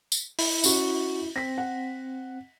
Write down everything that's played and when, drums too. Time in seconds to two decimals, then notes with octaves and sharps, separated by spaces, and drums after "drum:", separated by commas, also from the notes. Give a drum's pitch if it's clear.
0.12 drum: tambourine
0.39 E4, drum: open hi-hat
0.64 C#4 F#4, drum: tambourine
1.36 C4 A#6 B6
1.58 F#5